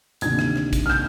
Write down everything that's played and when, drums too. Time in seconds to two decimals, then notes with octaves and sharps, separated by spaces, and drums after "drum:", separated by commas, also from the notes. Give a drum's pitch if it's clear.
0.21 D2 C3 D#3 A#3 D4 G#6, drum: hi-hat
0.39 drum: rim click
0.56 drum: rim click
0.73 drum: kick, hi-hat
0.86 F6
0.90 G6, drum: rim click